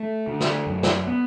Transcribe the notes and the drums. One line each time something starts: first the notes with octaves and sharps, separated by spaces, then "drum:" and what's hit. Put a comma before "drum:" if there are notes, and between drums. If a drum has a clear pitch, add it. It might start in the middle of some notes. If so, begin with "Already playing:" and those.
Already playing: A3
D3
drum: snare
F#2
drum: snare
B3